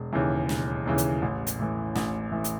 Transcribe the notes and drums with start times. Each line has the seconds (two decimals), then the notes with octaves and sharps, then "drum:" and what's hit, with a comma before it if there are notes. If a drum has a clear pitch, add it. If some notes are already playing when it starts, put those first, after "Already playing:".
Already playing: E1
0.13 D#2 C#3 E3
0.49 E1, drum: snare
0.86 D#2 C#3 E3
0.98 drum: hi-hat
1.22 A1
1.47 drum: hi-hat
1.59 A2 E3
1.95 A1, drum: snare
2.32 A2 E3
2.44 drum: hi-hat